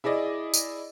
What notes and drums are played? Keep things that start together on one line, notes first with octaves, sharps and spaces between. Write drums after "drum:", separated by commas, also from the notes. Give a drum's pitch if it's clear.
E4 G#4 D5 D#5
drum: tambourine